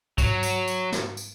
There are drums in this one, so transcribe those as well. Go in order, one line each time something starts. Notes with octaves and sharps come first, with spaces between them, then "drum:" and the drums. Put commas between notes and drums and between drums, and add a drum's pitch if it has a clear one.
F#3, drum: kick, tambourine
drum: tambourine
drum: tambourine
drum: snare
drum: tambourine